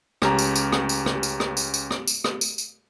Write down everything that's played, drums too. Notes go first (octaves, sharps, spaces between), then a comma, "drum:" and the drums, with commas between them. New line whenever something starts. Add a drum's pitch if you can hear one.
C#2 C#4 G4 A#5, drum: rim click
drum: tambourine
drum: tambourine
drum: rim click
drum: tambourine
drum: rim click
drum: tambourine
drum: rim click
drum: tambourine
drum: tambourine
drum: rim click
drum: tambourine
drum: rim click
drum: tambourine
drum: tambourine